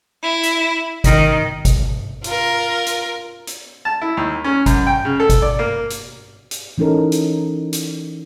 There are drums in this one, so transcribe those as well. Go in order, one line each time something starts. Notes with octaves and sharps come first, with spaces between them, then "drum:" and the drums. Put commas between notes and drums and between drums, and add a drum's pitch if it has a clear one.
E4
drum: hi-hat
D#3, drum: kick G#1, hi-hat
drum: kick G#1, hi-hat
F4 A#4, drum: hi-hat
drum: hi-hat
drum: hi-hat
A5
E4
D#2
C#4
F#2, drum: kick G#1, hi-hat
G5
C#3
A4
drum: kick G#1, hi-hat
D5
A#3
drum: hi-hat
drum: hi-hat
E3 C#4 D#4 A4 A#4
drum: hi-hat
drum: hi-hat